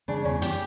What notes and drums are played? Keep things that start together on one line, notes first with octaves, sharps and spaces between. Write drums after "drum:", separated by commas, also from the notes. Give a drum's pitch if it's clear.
C#3 D4
E2 C#4
G4, drum: hi-hat